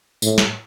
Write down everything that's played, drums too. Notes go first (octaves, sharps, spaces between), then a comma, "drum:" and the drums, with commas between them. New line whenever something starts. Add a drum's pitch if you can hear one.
A2, drum: tambourine
drum: snare